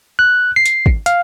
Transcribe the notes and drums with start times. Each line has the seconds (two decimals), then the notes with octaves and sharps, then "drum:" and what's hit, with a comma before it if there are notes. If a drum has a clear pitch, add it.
0.19 F#6
0.56 C7
0.66 drum: hi-hat
0.86 drum: kick
1.06 F5, drum: hi-hat